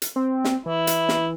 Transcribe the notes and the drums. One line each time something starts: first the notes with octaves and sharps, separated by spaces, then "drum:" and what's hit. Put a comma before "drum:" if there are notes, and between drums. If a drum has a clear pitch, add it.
drum: hi-hat
C4
drum: snare
E3 E4
drum: hi-hat
drum: snare